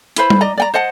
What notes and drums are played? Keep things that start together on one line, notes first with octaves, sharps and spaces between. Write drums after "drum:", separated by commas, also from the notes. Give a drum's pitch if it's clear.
E4 B4 C5 B5, drum: hi-hat
drum: tom G3
D5 D#5 A#5
D5 G5 A#5
C5 D#5 F#5 A5